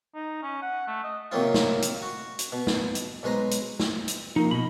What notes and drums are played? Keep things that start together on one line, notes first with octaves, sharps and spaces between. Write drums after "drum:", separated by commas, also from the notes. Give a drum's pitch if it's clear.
D#4
C#4
F#5
A3
D#5
C3 D#3 F#3 A#3 C4 F4
drum: snare
drum: hi-hat
F#4
drum: hi-hat
B2
drum: snare
drum: hi-hat
B1 G#3 B4 C5 A#5
drum: hi-hat
drum: snare
drum: hi-hat
F3 A#3 D#4
B2 D#5 B5